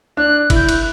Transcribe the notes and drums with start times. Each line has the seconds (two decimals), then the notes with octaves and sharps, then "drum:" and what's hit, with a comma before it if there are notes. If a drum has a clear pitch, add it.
0.17 D4 F#6
0.50 E4, drum: kick G1, cymbal
0.56 G6
0.69 F#6, drum: cymbal